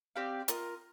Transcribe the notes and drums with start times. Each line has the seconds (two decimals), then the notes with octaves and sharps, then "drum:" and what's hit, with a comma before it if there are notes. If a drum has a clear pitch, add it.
0.16 C4 G4 D5 F5
0.48 F4 A#4 D#5, drum: hi-hat